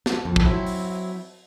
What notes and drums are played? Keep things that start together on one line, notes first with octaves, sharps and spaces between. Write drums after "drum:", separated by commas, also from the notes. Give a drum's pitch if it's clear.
A5, drum: snare
F2
drum: kick
F#3 C4 E4
drum: open hi-hat